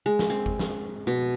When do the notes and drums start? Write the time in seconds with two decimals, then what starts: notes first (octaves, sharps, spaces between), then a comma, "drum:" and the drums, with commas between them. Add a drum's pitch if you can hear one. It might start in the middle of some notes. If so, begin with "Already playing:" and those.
0.06 G#3
0.19 drum: snare
0.30 C4
0.46 drum: kick G1
0.59 drum: snare
1.07 B2